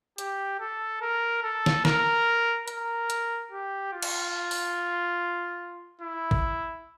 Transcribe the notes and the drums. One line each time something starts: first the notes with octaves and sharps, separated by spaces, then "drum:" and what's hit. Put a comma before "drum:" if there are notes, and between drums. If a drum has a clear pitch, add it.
G4, drum: hi-hat
A4
A#4
A4
drum: snare
A#4, drum: snare
A#4, drum: hi-hat
drum: hi-hat
G4
F4
drum: cymbal
drum: open hi-hat
E4
drum: kick G#1